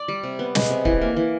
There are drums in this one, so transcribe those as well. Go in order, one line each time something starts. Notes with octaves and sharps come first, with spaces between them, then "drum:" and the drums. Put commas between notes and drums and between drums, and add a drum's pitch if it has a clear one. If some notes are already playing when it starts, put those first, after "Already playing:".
Already playing: D5
G3
C3
B3
G#3, drum: snare
C3
E3, drum: kick
A#3
E3